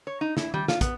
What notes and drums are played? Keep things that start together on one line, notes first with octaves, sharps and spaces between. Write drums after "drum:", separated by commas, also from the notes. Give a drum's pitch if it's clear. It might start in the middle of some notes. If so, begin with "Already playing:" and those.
C#5
D#4
E4, drum: snare
G3, drum: tom D#3
F4, drum: snare
B3, drum: kick, hi-hat